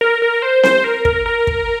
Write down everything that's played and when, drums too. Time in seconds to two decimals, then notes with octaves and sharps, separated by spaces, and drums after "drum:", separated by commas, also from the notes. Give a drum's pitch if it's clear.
0.01 A#4
0.22 A#4
0.42 C5
0.63 C5, drum: snare C4
0.84 A#4
1.05 A#4, drum: kick
1.26 A#4
1.47 drum: kick